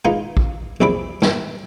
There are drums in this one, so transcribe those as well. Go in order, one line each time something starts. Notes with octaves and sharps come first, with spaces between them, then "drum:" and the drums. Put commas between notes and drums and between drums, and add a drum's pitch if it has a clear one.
G#3 B3 D#4 F4
drum: kick A#1
A#1 E2 C3 D5 B5 D6
G2, drum: snare